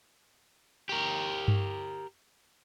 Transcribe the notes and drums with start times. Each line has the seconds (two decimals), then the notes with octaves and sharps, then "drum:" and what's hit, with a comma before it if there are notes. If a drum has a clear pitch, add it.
0.89 G4 A#4
1.48 drum: tom G2